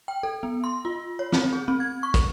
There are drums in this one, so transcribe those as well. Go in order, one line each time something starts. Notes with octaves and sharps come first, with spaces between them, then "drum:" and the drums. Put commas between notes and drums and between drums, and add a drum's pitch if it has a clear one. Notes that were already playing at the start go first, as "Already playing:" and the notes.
G5
A4
B3
C6
F4
C#5
C4, drum: snare
G#4
C4
G#6
C#6
drum: kick, hi-hat